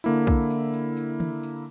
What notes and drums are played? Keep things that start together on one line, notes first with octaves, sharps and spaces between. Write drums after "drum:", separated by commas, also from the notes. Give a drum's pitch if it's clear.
D3 A#3 E4, drum: tambourine
drum: kick, tambourine
drum: tambourine
drum: tambourine
drum: tambourine
drum: tom D#3
drum: tambourine